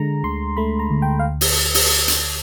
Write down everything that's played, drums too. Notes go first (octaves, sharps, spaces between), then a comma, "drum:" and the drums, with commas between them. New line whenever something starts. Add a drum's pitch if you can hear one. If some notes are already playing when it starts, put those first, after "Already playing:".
Already playing: D3 G#3 A#5
D2 C6
A3 B5
A#5
D2
G5
F5
drum: open hi-hat
drum: open hi-hat
drum: hi-hat